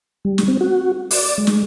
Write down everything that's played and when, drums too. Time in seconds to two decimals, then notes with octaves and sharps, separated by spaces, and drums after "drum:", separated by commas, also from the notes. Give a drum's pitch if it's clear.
0.25 G3
0.38 drum: snare
0.48 C4
0.61 F#4
1.11 D5, drum: open hi-hat
1.38 G#3
1.47 drum: snare